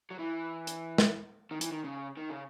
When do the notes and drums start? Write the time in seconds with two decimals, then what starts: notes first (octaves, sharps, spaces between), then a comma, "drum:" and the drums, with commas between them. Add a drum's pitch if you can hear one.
0.11 F#3
0.19 E3
0.67 drum: hi-hat
0.98 drum: snare
1.51 D#3
1.61 E3, drum: hi-hat
1.72 D#3
1.84 C#3
2.17 D#3
2.30 C#3